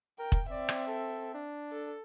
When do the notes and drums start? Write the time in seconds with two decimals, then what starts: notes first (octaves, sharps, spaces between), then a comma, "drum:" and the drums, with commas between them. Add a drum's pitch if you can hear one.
0.19 A#4 G5
0.32 drum: kick
0.51 C4 D5 E5
0.69 drum: rim click
0.87 A4
1.34 D4
1.72 A4